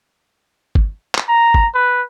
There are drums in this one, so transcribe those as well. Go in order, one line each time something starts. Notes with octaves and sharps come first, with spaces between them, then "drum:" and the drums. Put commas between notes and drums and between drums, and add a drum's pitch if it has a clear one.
drum: kick G1
drum: clap
A#5
drum: kick G1
B4